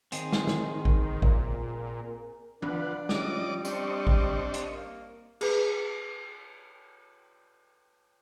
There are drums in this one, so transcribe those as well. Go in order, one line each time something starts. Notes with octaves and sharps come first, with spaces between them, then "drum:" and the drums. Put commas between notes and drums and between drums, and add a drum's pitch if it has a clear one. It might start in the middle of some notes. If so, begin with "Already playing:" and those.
D#3 C4 G#4, drum: hi-hat
drum: snare
drum: snare
drum: kick A1
A#2 A#4, drum: kick A1
F3 D4 B4 F#5, drum: tom E3
F3 G3 C#4 D5 D#5 D6, drum: snare
C4 D4 G4 D#5 C#6, drum: tambourine
drum: kick A1
drum: hi-hat
A#3
G#4 B4, drum: cymbal